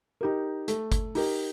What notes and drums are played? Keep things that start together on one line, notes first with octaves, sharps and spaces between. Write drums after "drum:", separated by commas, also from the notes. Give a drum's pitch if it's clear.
D#4 G4 A#4
A3, drum: hi-hat
drum: kick G1, hi-hat
D#4 G4 A#4, drum: open hi-hat